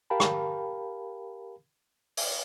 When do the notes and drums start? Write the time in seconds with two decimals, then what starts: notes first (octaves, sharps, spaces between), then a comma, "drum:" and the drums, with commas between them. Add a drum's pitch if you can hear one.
0.10 G4 A#4 F5 G5 A5 B5
0.20 drum: rim click
2.17 drum: open hi-hat